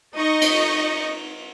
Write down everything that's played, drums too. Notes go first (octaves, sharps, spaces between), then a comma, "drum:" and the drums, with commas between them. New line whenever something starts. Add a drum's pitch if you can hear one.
D#4 D#5 C#6
drum: cymbal